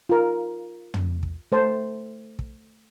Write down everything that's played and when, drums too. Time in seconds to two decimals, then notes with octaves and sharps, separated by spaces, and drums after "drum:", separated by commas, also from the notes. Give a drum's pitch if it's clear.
0.09 F4 A#4
0.94 drum: tom
1.23 drum: kick
1.52 A3 C5 A5
2.39 drum: kick